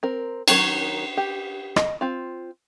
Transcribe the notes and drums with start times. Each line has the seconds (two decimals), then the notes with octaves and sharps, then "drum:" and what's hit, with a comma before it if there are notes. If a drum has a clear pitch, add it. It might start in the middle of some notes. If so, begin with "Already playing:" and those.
0.03 C4 A#4
0.48 D#3 F#3 C#4 A#4, drum: cymbal
1.17 G4
1.76 D#5, drum: rim click
2.01 C4 F4